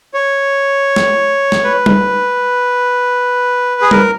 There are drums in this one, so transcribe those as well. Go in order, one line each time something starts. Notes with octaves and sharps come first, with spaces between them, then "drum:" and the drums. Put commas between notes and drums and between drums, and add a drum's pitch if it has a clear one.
C#5
drum: snare
drum: snare
B4
drum: tom G3
G#4
A#4, drum: tom G3